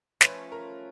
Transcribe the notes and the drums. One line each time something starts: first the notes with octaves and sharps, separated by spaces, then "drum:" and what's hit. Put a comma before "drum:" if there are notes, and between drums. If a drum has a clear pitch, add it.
F3 A3 C#4 B4, drum: snare
A#4